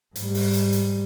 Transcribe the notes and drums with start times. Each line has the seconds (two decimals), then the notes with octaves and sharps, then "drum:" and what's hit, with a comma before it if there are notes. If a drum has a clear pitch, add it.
0.16 G#2 G3, drum: hi-hat
0.35 drum: open hi-hat
0.53 drum: hi-hat
0.72 drum: hi-hat